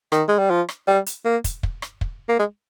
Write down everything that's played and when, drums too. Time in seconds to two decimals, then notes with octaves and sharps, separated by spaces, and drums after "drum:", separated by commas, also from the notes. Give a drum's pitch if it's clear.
0.12 D#3, drum: rim click
0.28 G#3
0.39 G3
0.50 F3
0.69 drum: rim click
0.87 G3
1.06 drum: hi-hat
1.25 A#3
1.44 drum: kick, hi-hat
1.63 drum: kick
1.82 drum: rim click
2.01 drum: kick
2.29 A#3
2.39 G#3